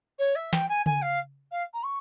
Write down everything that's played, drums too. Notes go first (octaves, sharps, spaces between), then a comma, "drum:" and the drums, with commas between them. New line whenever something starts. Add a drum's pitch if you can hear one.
C#5
E5
G5, drum: snare
G#5
G#5, drum: tom C#3
F5
F5
A#5
C#6